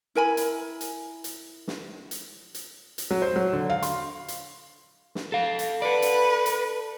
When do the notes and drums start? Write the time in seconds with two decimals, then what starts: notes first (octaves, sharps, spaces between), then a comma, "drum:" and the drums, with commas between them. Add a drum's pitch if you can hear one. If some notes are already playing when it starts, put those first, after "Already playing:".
0.15 E4 A#4 G#5 B5
0.37 drum: hi-hat
0.81 drum: hi-hat
1.24 drum: hi-hat
1.68 drum: snare
2.11 drum: hi-hat
2.54 drum: hi-hat
2.98 drum: hi-hat
3.11 F#3
3.22 C5
3.36 F#3
3.53 D3
3.70 F5
3.83 C6, drum: hi-hat
4.28 drum: hi-hat
5.15 drum: snare
5.32 A4 F5
5.59 drum: hi-hat
5.82 A4 B4 D5
6.02 drum: hi-hat
6.46 drum: hi-hat